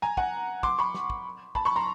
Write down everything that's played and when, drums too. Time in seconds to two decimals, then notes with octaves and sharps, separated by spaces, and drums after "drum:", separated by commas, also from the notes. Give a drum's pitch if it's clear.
0.02 G#5 A#5, drum: snare
0.17 F#5 G#5, drum: kick
0.63 C6 D6, drum: kick
0.79 B5 C#6
0.94 drum: snare
1.10 drum: kick
1.55 A5 B5, drum: kick
1.65 B5 C#6
1.76 A#5 C6